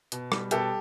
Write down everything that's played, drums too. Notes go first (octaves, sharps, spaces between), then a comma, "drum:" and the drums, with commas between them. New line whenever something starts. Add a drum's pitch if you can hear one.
B2, drum: hi-hat
G3, drum: rim click
B2 G4 A4, drum: hi-hat